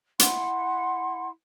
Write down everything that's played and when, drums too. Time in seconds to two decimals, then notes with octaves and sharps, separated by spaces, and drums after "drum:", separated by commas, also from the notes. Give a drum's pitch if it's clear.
0.19 E4 F#5 C6, drum: hi-hat